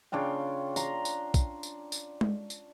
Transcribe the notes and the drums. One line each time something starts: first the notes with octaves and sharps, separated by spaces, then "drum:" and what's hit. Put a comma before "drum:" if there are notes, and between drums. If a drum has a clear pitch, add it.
C#3 D4 F4 G5
A#5 C6, drum: tambourine
drum: tambourine
drum: kick, tambourine
drum: tambourine
drum: tambourine
drum: tom G#3
drum: tambourine